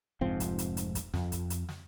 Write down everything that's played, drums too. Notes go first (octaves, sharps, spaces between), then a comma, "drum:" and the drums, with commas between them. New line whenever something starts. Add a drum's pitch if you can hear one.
F1 G#2 F3 C4
drum: kick, hi-hat
drum: hi-hat
drum: hi-hat
drum: kick, hi-hat
F2, drum: snare
drum: kick, hi-hat
drum: hi-hat
drum: snare